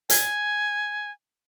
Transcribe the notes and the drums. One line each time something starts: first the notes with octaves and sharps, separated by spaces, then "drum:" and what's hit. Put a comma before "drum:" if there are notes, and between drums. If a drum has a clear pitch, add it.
G#5, drum: hi-hat